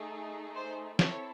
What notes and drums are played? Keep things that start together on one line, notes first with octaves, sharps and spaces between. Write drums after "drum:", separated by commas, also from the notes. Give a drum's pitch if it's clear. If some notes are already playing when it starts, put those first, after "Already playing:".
Already playing: A3 D#4 G#4
C5
C4 E4 A4 C#5, drum: snare